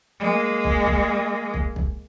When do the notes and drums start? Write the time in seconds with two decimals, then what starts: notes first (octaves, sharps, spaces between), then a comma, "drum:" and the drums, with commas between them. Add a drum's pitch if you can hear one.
0.19 G#3 A#3
0.64 drum: kick
0.87 drum: kick
1.54 drum: kick
1.76 drum: kick